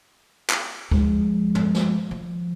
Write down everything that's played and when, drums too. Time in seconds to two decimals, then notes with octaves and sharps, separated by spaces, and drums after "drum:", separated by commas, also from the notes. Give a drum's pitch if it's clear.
0.50 drum: clap
0.92 F3 G#3, drum: kick D2
1.55 drum: tom
1.75 drum: snare
2.11 F3